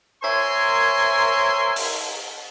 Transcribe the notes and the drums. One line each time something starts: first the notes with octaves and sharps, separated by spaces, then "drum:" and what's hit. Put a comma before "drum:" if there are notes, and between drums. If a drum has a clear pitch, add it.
A#4 C5 C#5 E5 G#5 C6
drum: open hi-hat